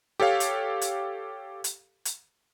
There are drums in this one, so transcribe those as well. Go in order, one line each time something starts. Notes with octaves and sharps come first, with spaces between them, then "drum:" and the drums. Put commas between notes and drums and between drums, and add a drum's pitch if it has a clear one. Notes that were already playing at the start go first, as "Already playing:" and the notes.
G4 A4 C#5 F5
drum: hi-hat
drum: hi-hat
drum: hi-hat
drum: hi-hat